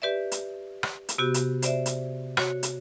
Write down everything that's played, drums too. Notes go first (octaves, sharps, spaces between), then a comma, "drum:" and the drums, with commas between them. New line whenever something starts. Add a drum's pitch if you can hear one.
G4 B4 D5 E5
drum: hi-hat
drum: rim click
drum: hi-hat
C3 B3 F#4 G4
drum: hi-hat
C5 D5 E5, drum: hi-hat
drum: hi-hat
F#4 C#5, drum: rim click
drum: hi-hat